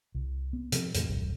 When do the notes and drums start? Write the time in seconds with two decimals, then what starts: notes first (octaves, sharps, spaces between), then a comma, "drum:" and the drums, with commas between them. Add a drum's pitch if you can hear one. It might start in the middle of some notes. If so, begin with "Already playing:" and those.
0.15 C2
0.53 B3
0.72 C3 F3, drum: hi-hat
0.94 F2 A2 E3, drum: hi-hat
1.09 D#1 C2 F#2